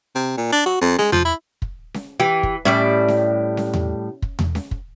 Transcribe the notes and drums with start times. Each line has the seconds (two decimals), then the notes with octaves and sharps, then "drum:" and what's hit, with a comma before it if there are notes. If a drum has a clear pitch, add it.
0.15 C3
0.37 A#2
0.52 D4
0.66 F#4
0.81 F2
0.98 G#3, drum: snare C#4
1.12 F3, drum: tom E2
1.25 E4
1.62 drum: kick
1.94 drum: snare C#4
2.20 E3 G4
2.43 drum: kick
2.65 A2 G3 C#4 D5 E5
3.08 drum: snare C#4
3.57 drum: snare C#4
3.74 drum: tom E2
4.22 drum: kick
4.39 drum: tom E2
4.55 drum: snare C#4
4.71 drum: kick